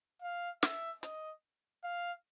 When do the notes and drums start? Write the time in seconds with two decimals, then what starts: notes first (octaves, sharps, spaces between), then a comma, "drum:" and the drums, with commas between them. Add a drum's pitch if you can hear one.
0.22 F5
0.63 E5, drum: snare
1.03 D#5, drum: hi-hat
1.84 F5